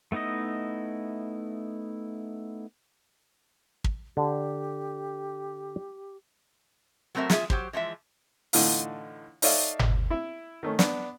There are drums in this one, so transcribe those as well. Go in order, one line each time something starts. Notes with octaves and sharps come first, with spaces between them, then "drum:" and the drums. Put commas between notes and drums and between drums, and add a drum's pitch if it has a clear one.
A3 B3 D#4 E4 D#5
drum: kick
D3 G4
F#3 A3 C4 A#4 E5
F4 G#4 E5, drum: snare
F#3 G4 C5, drum: kick
E3 F3 G#3 E5
A2 D3 E3 D#4 F4, drum: open hi-hat
D#4 A4 C#5 D5 E5 F5, drum: open hi-hat
drum: tom G1
E4 E5
D#3 A3 C#4
B3 D4, drum: snare